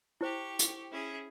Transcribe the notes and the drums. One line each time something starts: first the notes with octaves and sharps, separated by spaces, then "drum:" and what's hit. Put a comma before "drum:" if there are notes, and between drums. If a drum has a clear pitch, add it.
E4 G4 C5 C#6
drum: hi-hat
C#4 E4 G#4